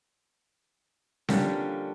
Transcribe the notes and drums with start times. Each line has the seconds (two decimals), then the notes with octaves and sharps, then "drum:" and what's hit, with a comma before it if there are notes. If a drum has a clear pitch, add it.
1.29 D3 F3 G3 A#3 C#4 D4, drum: snare C4